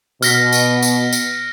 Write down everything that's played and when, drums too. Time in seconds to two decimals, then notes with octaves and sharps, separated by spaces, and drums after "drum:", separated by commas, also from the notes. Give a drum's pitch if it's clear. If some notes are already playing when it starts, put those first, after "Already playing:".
0.22 B2 F6 A#6 B6, drum: tambourine
0.52 drum: tambourine
0.83 drum: tambourine
1.13 drum: tambourine